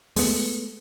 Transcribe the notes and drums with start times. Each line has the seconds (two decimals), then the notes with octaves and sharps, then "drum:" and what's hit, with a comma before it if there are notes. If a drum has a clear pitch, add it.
0.16 G#3 A3 B3, drum: open hi-hat